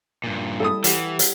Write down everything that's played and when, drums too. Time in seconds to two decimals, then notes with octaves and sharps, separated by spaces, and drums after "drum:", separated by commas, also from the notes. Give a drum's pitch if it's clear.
0.24 G2 A#2
0.60 G3 E4 A4 D#6
0.84 E3 G4 F#5, drum: hi-hat
1.19 drum: hi-hat